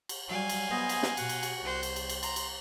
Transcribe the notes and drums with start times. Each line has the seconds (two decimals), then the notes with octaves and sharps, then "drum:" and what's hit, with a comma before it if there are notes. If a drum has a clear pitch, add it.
0.09 drum: cymbal
0.29 F#3 G3 F5 G#5
0.49 drum: cymbal
0.70 B3 G#4 C5 D#5
0.89 drum: cymbal
1.03 drum: snare
1.17 B2 F#4 F#5, drum: cymbal
1.29 drum: cymbal
1.43 drum: cymbal
1.64 C2 C5
1.83 drum: cymbal
1.96 drum: cymbal
2.09 drum: cymbal
2.23 A#5 C6, drum: cymbal
2.36 drum: cymbal